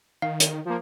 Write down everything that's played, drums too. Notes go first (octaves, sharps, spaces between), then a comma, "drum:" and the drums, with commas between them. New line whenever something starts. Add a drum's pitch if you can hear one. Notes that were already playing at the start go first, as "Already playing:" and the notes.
D#3 F5
drum: hi-hat
F3 A#3